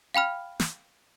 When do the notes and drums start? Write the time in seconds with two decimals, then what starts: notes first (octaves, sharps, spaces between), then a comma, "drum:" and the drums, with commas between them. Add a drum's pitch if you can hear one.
0.15 F5 G5 B5 F6
0.60 drum: snare